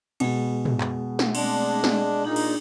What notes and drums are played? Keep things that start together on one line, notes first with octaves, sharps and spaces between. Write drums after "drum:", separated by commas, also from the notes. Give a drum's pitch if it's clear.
B2 G#3 G#4, drum: cymbal
drum: tom
drum: clap
drum: snare
G#3 A3 C4 D4, drum: cymbal
drum: snare
A#2 D4 D#4 G#4
drum: cymbal